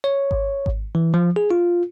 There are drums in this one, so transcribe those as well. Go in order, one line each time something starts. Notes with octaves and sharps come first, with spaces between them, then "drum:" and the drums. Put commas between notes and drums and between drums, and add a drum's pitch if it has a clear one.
C#5
drum: kick G#1
drum: kick G#1
E3
F3
G#4
F4